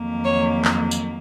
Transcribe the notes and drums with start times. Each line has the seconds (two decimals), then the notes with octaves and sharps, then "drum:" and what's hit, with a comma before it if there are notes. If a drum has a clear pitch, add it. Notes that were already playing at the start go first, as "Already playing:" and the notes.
Already playing: F2 D#3 F#3 A#3
0.25 C#5
0.65 drum: clap
0.91 drum: tambourine